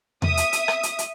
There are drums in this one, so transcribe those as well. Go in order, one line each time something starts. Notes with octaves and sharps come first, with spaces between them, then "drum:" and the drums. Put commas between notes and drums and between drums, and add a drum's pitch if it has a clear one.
E5 D#6, drum: tom E2
drum: hi-hat
drum: hi-hat
drum: rim click
drum: hi-hat
drum: hi-hat